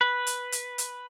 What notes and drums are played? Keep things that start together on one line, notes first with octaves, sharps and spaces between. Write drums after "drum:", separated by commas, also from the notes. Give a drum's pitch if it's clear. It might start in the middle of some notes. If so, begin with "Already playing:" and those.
B4
drum: hi-hat
drum: hi-hat
drum: hi-hat